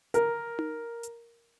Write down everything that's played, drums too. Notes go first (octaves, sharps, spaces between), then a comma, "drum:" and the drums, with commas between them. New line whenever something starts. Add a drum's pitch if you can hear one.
A#4, drum: hi-hat
drum: tom D#4
drum: hi-hat